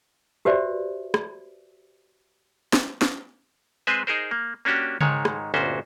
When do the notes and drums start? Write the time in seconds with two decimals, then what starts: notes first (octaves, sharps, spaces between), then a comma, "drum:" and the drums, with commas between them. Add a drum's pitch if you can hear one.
0.45 F#4 G4 B4 C5 D5 E5
1.14 drum: rim click
2.73 drum: snare
3.02 drum: snare
3.87 G#3 C4 G#4 B4 C5 G#5
4.07 D#4 G#4 A#4 C5
4.31 A#3
4.65 A#3 C#4 D4 F#4 G4
5.01 G#2 D#3 G#3 C#5, drum: tom C#3
5.25 drum: rim click
5.54 G1 D2 A#2 C#4 F#4 C5